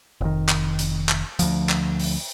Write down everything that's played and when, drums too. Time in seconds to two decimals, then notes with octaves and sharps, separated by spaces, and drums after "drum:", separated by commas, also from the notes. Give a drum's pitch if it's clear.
0.21 F1 D#3
0.49 drum: clap
0.79 drum: hi-hat
1.09 drum: clap
1.39 D2 F3, drum: hi-hat
1.69 drum: clap
1.99 drum: open hi-hat